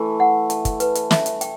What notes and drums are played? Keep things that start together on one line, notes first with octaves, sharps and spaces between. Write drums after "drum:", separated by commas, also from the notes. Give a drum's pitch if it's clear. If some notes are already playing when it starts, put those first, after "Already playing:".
Already playing: E3 A3
F#5
A5, drum: hi-hat
drum: kick, hi-hat
B4, drum: hi-hat
drum: hi-hat
E5, drum: snare
drum: hi-hat
G5, drum: hi-hat